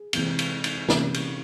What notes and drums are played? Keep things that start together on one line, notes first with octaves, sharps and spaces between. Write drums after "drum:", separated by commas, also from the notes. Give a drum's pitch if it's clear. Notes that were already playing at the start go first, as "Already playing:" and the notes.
Already playing: G#4
C3 E3 G#3 C4, drum: cymbal
drum: cymbal
drum: cymbal
C3 E3 A#3 C#4, drum: snare
drum: cymbal